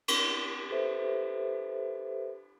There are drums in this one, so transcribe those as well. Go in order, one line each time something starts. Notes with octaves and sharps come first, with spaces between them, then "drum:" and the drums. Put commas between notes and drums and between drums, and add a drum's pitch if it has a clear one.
drum: cymbal
G4 A4 B4 C5 E5